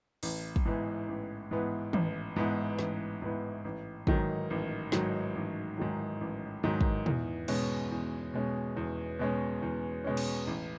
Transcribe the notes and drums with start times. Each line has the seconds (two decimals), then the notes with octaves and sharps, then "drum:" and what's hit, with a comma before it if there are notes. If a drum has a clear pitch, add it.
0.23 A1, drum: open hi-hat
0.56 drum: kick
0.65 G#2 E3 B3
1.08 A1
1.51 G#2 E3 B3
1.93 A1, drum: tom D#3
2.36 G#2 E3 B3
2.79 A1, drum: snare
3.22 G#2 E3 B3
3.64 A1
4.07 G#2 D#3 F#3, drum: kick
4.50 A1
4.92 G#2 D#3 F#3, drum: snare
5.35 A1
5.77 G#2 D#3 F#3
6.21 A1
6.64 G#2 D#3 F#3
6.81 drum: kick
7.06 E2, drum: tom
7.48 B2 G#3 C#4, drum: cymbal
7.91 E2
8.34 B2 G#3 C#4
8.77 E2
9.19 B2 G#3 C#4
9.62 E2
10.04 B2 G#3 C#4
10.17 drum: cymbal
10.47 A1